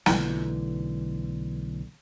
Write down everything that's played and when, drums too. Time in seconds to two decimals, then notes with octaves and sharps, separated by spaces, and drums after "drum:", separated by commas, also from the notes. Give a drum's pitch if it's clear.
0.06 B1 D3 E3 A3, drum: snare